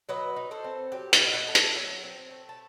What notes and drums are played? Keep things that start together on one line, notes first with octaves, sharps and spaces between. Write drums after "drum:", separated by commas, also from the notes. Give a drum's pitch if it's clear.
F#3 B4 D#5
D#4
A4 C5
C4
F#3 G4
D#5 F#5, drum: hi-hat
E4
E5
D#5 F#5
A3 A5
E5 G5, drum: hi-hat
F#3
C4
A3
A5